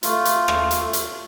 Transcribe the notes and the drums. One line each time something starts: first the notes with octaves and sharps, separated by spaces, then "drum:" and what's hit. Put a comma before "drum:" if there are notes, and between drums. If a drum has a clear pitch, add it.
A3 F4, drum: hi-hat
drum: hi-hat
drum: rim click
drum: hi-hat
drum: hi-hat